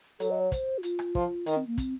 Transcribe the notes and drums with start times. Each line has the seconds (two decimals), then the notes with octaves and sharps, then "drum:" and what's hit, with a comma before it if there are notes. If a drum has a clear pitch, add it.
0.20 F#3 A4, drum: hi-hat
0.31 D#5
0.40 C#5
0.52 C5, drum: kick, hi-hat
0.78 F#4
0.83 F4, drum: hi-hat
0.99 drum: rim click
1.15 F3, drum: kick
1.46 D#3 D#4, drum: hi-hat
1.57 C4
1.67 A#3
1.78 C4, drum: kick, hi-hat